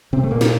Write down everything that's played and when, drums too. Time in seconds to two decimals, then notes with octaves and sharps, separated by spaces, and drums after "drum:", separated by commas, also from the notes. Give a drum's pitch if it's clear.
0.13 C3 C4
0.23 A3
0.31 A#2 A#3
0.41 drum: snare